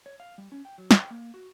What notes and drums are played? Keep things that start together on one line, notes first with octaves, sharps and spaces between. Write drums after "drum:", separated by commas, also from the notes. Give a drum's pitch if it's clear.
C#5
F5
G3
C#4
G5
F#3
G5, drum: snare
A#3
F#4